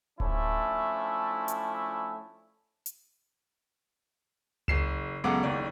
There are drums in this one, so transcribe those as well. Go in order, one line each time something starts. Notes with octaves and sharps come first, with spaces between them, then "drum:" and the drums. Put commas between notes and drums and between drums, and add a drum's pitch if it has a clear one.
F3 A3 C#4 D4 E4, drum: kick D1
drum: hi-hat
drum: hi-hat
F#1 C7 E7, drum: tom C#2
C#2 F#2 B3 A4 D6
F#1 D#2 D5